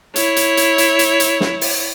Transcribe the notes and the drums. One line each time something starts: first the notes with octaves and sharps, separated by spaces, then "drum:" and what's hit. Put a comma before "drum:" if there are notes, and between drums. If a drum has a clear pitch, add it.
E4 C#5, drum: hi-hat
drum: hi-hat
drum: hi-hat
drum: hi-hat
drum: hi-hat
drum: hi-hat
drum: snare
drum: open hi-hat